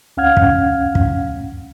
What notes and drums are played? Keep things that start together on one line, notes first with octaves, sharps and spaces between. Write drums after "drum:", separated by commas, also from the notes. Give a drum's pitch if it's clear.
D2 C#4 F5 F#5 F6 G#6
drum: kick
drum: kick